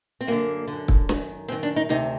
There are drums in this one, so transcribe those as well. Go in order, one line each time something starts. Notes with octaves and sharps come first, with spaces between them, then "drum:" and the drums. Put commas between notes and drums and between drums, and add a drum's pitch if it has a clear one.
C4
F#2 D3 A#3
F#2 D3
drum: kick
F#2 D#3, drum: snare
F#2 D#3 C4
D4
D#4
D2 C3 D#3 D#4